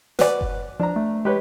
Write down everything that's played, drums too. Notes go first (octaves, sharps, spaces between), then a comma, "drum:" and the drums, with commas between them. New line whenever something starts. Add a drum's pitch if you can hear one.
F#4 B4 D5, drum: snare
drum: kick F#1
F3 D4 A#5
A3
G#3 G4 B4 C#5